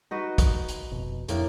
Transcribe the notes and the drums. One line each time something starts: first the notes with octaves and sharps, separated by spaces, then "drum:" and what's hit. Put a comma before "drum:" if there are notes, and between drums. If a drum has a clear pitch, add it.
D#4 F#4 B4
drum: kick, hi-hat
drum: hi-hat
F1 B2
F2 A2 A#3 D4 D5, drum: hi-hat